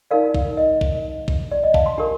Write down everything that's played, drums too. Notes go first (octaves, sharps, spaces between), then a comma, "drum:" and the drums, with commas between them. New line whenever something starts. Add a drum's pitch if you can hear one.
D#4 A#4 D5 F5
drum: kick
D#5
drum: kick
drum: kick
D5
D#5
F5 A5, drum: kick
A5 C6
D4 G4 A#4